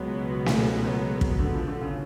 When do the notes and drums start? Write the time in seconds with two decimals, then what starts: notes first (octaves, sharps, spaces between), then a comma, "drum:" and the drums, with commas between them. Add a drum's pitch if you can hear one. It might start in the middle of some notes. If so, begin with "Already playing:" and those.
Already playing: C#2 B2 F#3 G#3 B3
0.46 drum: snare
0.84 F#3
1.21 drum: kick
1.39 D3
1.54 F3
1.68 D3
1.81 C#3